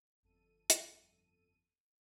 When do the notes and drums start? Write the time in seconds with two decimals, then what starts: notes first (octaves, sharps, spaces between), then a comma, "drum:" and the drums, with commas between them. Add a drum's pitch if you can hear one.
0.23 G1 F2 A4 D#7
0.70 drum: hi-hat